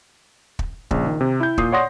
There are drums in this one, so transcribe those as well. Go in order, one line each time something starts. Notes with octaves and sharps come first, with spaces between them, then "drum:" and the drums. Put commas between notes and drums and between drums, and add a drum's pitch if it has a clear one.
drum: kick
A#1 C#3, drum: kick
D#3
C3
E4 G6
A#2 D#6 C7, drum: kick
C#5 D5 F#5 C6 D#6 A#6